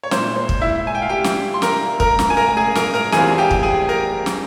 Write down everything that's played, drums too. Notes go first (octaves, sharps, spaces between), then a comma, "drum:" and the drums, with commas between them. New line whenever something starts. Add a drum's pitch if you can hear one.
C#5
A#2 G#3 E4 C5, drum: snare
C5
drum: kick
E4 E5
G#5
G5
F5
G4 G5
drum: snare
C6
A#4 A#5, drum: snare
A#4 A#5, drum: kick
drum: snare
G#5
A#4 A#5
G#4 G#5
A#4 A#5, drum: snare
A#4 A#5
E2 E3 G3 C4 F4 G#4 G#5, drum: snare
G4 G5
drum: kick
G#4 G#5
A#4 A#5
drum: snare